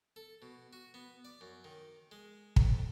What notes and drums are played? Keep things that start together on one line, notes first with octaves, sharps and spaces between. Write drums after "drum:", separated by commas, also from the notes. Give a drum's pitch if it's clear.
A4
B2
F#4
B3
D5
F#2
D#3
G#3
F2, drum: kick